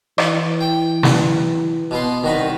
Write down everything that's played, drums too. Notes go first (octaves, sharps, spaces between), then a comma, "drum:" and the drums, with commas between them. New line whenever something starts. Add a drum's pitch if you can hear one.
E3, drum: rim click
G5
drum: snare
B2 B3 C6
C2 D#3 F#4 B4